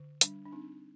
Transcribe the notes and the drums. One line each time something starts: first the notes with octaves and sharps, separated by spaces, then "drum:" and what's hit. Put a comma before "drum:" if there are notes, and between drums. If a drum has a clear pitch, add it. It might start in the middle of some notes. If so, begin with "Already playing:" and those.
Already playing: D3
G3 D4, drum: hi-hat
D4
C4 D#4